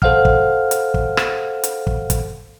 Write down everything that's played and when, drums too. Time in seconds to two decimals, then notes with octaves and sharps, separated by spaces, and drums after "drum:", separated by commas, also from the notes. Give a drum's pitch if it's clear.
0.02 A4 C5 F5 F#5 F6, drum: kick
0.25 drum: kick
0.71 drum: hi-hat
0.94 drum: kick
1.17 drum: rim click
1.64 drum: hi-hat
1.87 drum: kick
2.10 drum: kick, hi-hat